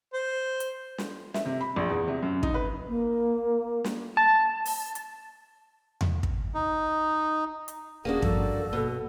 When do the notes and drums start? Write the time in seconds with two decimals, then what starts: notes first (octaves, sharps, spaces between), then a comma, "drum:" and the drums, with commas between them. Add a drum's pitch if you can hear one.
0.13 C5
0.60 drum: hi-hat
0.98 drum: snare
1.34 E5, drum: snare
1.45 C3
1.61 B5
1.76 A#1
1.90 E2
2.08 C3
2.22 F#2
2.43 D#4, drum: kick
2.54 B4
2.89 A#3
3.84 drum: snare
4.17 A5
4.65 drum: open hi-hat
4.95 drum: hi-hat
6.01 drum: tom E2
6.23 drum: kick
6.54 D#4
7.68 drum: hi-hat
8.05 D#1 A#3 C#4 D4 F#4 G#4
8.22 G2 F3 G3 A4, drum: kick
8.73 B2 A#3